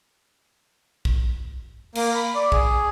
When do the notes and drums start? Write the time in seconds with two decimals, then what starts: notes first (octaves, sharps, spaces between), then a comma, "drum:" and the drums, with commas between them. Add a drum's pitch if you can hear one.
1.05 drum: kick
1.95 A#3, drum: cymbal
2.15 B5
2.35 D5
2.52 G#4, drum: kick